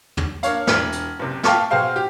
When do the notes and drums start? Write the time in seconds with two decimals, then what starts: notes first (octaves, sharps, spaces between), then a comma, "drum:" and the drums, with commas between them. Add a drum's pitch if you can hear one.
0.17 drum: tom
0.43 A#3 D4 C#5 F5, drum: hi-hat
0.67 E1 F6, drum: snare
0.92 drum: hi-hat
1.19 F#1 C3
1.43 F5 G5 A5 C#6 D6 F6, drum: snare
1.71 B2 F#4 G#4 C5 F5 G5
1.96 G4